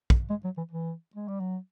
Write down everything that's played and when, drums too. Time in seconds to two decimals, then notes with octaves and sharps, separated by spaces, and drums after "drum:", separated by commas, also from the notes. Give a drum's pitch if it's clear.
0.10 drum: kick
0.30 G#3
0.44 F#3
0.57 E3
0.72 E3
1.16 G#3
1.28 G3
1.40 F#3